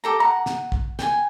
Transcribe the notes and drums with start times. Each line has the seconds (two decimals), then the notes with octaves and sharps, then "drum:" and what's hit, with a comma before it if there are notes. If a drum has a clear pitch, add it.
0.04 G4 A4 A#5
0.20 F#5 A#5
0.46 drum: snare
0.72 drum: kick
0.99 G5 G#5, drum: snare